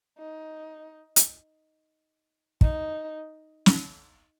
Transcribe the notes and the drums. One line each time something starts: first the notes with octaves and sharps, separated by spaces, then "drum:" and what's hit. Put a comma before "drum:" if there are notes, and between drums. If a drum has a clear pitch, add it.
D#4
drum: hi-hat
D#4, drum: kick
drum: snare